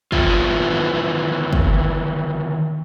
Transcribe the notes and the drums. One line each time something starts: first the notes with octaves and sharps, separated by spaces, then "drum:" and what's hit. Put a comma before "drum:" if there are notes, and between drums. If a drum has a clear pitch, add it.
D#3 E3 B3 E4 F4, drum: kick
drum: kick